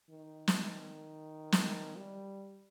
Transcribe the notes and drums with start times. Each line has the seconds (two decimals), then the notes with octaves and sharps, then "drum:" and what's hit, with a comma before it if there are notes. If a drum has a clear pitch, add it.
0.10 D#3
0.48 drum: snare
1.52 drum: snare
1.96 G3